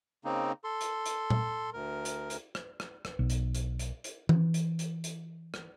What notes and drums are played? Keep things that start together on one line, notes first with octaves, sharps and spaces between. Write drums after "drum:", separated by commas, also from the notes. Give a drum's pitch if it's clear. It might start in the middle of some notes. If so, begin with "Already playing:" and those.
C#3 A#3 C4 D#4
A4 C6
drum: hi-hat
drum: hi-hat
drum: tom A#2
D2 A#4
drum: hi-hat
drum: hi-hat
drum: rim click
drum: rim click
drum: rim click
B1
drum: hi-hat
drum: hi-hat
drum: hi-hat
drum: hi-hat
E3, drum: tom
drum: hi-hat
drum: hi-hat
drum: hi-hat
drum: rim click